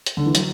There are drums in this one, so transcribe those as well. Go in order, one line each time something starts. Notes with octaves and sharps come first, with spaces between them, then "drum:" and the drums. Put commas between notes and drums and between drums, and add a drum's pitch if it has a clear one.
drum: hi-hat
D3
E3
F#3, drum: hi-hat